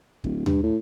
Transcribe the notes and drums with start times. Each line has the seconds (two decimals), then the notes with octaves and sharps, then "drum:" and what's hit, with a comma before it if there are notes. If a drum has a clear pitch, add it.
0.24 D1, drum: kick
0.46 G2, drum: tom D#2
0.63 A2